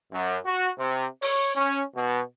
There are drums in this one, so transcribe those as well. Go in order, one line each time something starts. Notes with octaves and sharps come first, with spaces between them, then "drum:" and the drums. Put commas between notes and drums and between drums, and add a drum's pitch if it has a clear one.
F#2
F#4
C3
C#5, drum: open hi-hat
C#4
B2